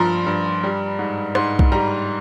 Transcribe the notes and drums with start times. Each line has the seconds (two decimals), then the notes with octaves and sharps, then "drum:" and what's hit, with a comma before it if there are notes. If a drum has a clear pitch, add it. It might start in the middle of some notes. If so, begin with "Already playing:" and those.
Already playing: G2 F3 A#5 C6
0.26 G2
0.63 G3
0.99 G#2
1.35 G#2 C6, drum: rim click
1.59 drum: kick B1
1.72 G3 A#5